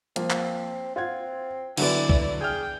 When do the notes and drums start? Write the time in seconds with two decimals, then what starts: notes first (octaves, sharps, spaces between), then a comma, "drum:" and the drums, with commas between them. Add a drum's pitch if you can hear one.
0.16 F3 A#3 C4, drum: hi-hat
0.30 drum: clap
0.96 C4 F4 F#5 G#6
1.77 D3 E3 F#3 B3 E4 D5, drum: cymbal
2.09 drum: kick C2
2.41 G#4 G5 F6 G#6